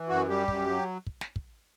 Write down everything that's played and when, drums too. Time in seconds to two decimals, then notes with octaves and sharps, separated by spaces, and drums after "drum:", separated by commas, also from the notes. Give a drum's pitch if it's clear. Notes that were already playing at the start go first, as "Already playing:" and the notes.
Already playing: E3
0.09 F#2 F#4
0.28 G3 G4
0.48 F#2, drum: kick
0.67 F#3
1.07 drum: kick
1.21 drum: snare
1.36 drum: kick